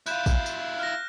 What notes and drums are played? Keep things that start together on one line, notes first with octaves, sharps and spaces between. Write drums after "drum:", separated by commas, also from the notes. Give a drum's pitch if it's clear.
E4 F4 F#6 G6 E7, drum: tambourine
drum: kick A1, tambourine
drum: tambourine
F6 A#6